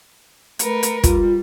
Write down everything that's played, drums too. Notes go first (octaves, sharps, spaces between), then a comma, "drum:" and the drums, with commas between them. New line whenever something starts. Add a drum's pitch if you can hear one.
A3 A#4 B4 C#7, drum: hi-hat
drum: hi-hat
G3 F4, drum: kick, hi-hat